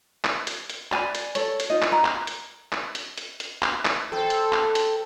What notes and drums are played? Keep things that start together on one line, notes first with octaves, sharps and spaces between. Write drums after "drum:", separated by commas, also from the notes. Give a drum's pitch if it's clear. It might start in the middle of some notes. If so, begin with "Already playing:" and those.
drum: clap
drum: hi-hat
drum: hi-hat
D5 G#5 B5, drum: clap
drum: hi-hat
A4 C#5, drum: hi-hat
drum: hi-hat
D#4 F4 D#5
drum: clap
A#5
drum: clap
drum: hi-hat
drum: clap
drum: hi-hat
drum: hi-hat
drum: hi-hat
drum: clap
drum: clap
A4 C5 G5 C6
drum: hi-hat
drum: clap
drum: hi-hat